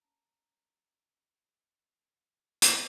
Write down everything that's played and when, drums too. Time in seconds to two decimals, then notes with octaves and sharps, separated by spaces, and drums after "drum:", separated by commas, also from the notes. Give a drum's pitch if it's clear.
0.02 C#4 A5 A#5
2.62 drum: hi-hat